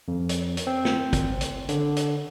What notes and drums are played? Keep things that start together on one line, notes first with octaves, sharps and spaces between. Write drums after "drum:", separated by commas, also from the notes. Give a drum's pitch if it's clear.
F2
drum: hi-hat
drum: hi-hat
C4
drum: snare
drum: kick, hi-hat
drum: hi-hat
D3, drum: hi-hat
drum: hi-hat